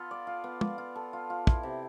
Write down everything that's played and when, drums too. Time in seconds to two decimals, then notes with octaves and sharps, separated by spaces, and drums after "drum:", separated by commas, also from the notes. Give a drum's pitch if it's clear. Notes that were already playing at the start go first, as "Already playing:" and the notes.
Already playing: B3 F4 A4
0.11 D5
0.27 F4
0.44 B3
0.61 D5, drum: tom
0.78 F4
0.96 A4
1.13 F4
1.30 F4
1.47 E4, drum: kick
1.63 C3